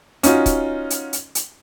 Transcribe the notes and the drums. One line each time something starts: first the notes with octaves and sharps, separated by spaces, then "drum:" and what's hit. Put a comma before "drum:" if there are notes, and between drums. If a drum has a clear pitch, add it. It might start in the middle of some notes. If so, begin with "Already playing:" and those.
C#4 D#4 F4 F#4, drum: hi-hat
drum: kick C#1, hi-hat
drum: hi-hat
drum: hi-hat
drum: hi-hat